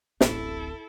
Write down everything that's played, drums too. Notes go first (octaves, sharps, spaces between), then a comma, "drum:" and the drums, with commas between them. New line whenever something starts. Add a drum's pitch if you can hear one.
D1 A1 E4 A4, drum: snare